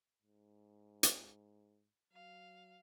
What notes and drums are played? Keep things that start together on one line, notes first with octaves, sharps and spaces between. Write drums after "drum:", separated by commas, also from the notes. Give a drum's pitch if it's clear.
G#2
drum: hi-hat
F#3 F5